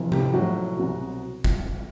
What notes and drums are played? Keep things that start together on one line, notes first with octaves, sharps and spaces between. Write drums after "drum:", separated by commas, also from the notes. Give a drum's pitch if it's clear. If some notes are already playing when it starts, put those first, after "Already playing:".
Already playing: F1 F2 C3 E3
G3 G4, drum: tom C3
A#1 A2 F3 F#3 F#4
C2 B2 F#3
drum: kick